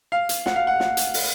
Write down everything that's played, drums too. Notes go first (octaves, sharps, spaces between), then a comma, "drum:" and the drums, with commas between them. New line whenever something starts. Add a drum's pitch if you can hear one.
F5
drum: hi-hat
F#5, drum: snare
F5
F#5
drum: snare
drum: hi-hat
drum: open hi-hat